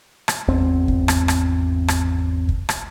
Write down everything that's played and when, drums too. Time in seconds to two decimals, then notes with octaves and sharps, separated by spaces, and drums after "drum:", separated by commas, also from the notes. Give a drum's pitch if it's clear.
0.28 drum: rim click
0.48 G#1 E2 C4
0.88 drum: kick
1.08 drum: rim click
1.28 drum: rim click
1.88 drum: rim click
2.49 drum: kick
2.69 drum: rim click